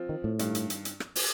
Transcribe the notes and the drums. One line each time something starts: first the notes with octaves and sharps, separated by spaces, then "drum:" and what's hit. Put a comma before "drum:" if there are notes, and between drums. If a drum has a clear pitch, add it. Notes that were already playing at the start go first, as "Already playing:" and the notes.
Already playing: F3 C4 F4
D#3
A2
G2 D#3 G3, drum: hi-hat
drum: hi-hat
drum: hi-hat
drum: hi-hat
drum: rim click
drum: open hi-hat